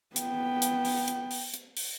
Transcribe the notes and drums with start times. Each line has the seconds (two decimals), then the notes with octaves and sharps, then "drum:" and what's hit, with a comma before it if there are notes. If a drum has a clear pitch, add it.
0.16 B3 G5, drum: hi-hat
0.62 drum: hi-hat
0.85 drum: open hi-hat
1.08 drum: hi-hat
1.31 drum: open hi-hat
1.54 drum: hi-hat
1.77 drum: open hi-hat